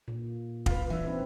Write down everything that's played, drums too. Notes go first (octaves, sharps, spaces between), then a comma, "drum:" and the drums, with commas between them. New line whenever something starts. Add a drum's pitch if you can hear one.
A#2
F4 B4, drum: kick
E3 D4 E5
C4 D#4 B4